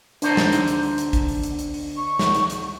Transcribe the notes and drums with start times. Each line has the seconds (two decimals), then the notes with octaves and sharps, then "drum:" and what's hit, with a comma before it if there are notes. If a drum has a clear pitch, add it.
0.22 D3 D4 C5 A#5, drum: hi-hat
0.37 drum: snare
0.52 drum: hi-hat
0.68 drum: hi-hat
0.83 drum: open hi-hat
0.98 drum: hi-hat
1.13 drum: kick, hi-hat
1.28 drum: open hi-hat
1.44 drum: hi-hat
1.59 drum: hi-hat
1.74 drum: open hi-hat
1.97 C#6
2.19 drum: snare
2.35 drum: hi-hat
2.50 drum: hi-hat